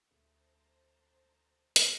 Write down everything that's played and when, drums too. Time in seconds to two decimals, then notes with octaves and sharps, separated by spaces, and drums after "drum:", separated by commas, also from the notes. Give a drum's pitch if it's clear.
0.11 D2 C5 A5 A#5
1.76 drum: hi-hat